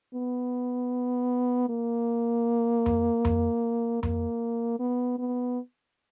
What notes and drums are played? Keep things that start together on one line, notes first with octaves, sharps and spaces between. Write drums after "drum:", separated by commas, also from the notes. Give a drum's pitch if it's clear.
B3
A#3
drum: tom F2
drum: tom F2
A#3, drum: tom F2
B3
B3